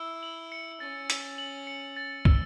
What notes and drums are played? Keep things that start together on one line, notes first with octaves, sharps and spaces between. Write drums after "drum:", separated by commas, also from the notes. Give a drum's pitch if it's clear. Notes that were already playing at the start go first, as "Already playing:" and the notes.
Already playing: E4 E6
F#7
C#7
C#4 A6
E6, drum: hi-hat
F#7
C#7
A6
E6, drum: kick